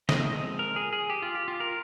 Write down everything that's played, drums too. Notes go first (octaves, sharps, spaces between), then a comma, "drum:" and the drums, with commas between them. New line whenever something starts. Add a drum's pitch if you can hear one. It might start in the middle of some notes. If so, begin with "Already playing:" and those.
F3 G#3 C4 D#5, drum: snare
D#5
A#4
G#4
G#4
G4
F4
G4
F4
A#4